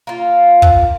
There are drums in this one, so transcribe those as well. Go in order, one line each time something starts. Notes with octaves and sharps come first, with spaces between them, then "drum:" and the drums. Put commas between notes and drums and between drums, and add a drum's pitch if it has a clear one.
A#3 F4
drum: kick